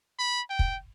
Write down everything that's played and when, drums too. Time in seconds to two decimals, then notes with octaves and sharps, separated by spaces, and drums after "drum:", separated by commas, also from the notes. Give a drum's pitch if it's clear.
0.19 B5
0.50 G5
0.59 drum: kick